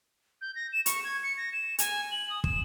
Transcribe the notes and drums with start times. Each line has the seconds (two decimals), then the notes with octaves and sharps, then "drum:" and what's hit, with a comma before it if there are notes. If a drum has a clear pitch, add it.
0.41 G6
0.55 A#6
0.73 E7
0.86 C#6, drum: hi-hat
1.04 G#6
1.23 C#7
1.37 A#6
1.53 E7
1.79 G#5, drum: hi-hat
2.11 F#7
2.30 D#6
2.44 E7, drum: kick